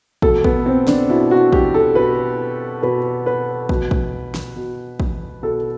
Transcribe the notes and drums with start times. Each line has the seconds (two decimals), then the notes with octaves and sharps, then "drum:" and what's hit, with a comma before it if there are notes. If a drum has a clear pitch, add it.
0.22 B2 A4, drum: kick
0.44 B3, drum: kick
0.66 C4
0.87 D4, drum: snare
1.09 B2 E4
1.31 F#4
1.53 G4, drum: kick
1.74 A4
1.95 B2 B4
2.83 B2 B4
3.26 B4
3.69 B2, drum: kick
3.91 drum: kick
4.34 drum: snare
4.56 B2
5.00 drum: kick
5.42 B2 A4